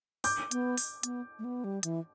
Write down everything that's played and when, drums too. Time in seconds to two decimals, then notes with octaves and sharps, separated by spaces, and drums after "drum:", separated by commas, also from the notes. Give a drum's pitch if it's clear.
0.24 D6 G6, drum: open hi-hat
0.51 B3, drum: hi-hat
0.77 drum: open hi-hat
1.03 B3, drum: hi-hat
1.39 A3
1.44 B3
1.64 G3
1.83 E3, drum: hi-hat